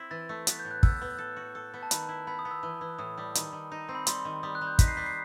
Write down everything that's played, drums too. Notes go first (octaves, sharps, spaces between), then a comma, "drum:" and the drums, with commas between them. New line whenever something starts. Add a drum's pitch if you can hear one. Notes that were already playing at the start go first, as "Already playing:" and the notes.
Already playing: C4 E4
E3 A6
A3
B3, drum: hi-hat
G6
A2
F#6
B3 E6, drum: kick
B3
A4
F#4
A4
B3
A5
D#3 B5, drum: hi-hat
E4
B3 B5
D#6
B3
E6
E3
E3
A2 D#6
G3
D#3, drum: hi-hat
D#3
D#4
C4
B5
G3 C6, drum: hi-hat
D#3
G3 D#6
F#6
G3
G6
D#4 B6, drum: kick, hi-hat
C7
G3 B6
C7